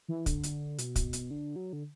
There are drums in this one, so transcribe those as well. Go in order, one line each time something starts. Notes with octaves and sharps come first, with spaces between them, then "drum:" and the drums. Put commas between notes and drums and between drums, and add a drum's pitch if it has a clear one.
E3
D3, drum: kick, hi-hat
drum: hi-hat
B2, drum: hi-hat
drum: kick, hi-hat
drum: hi-hat
D3
F#3
D3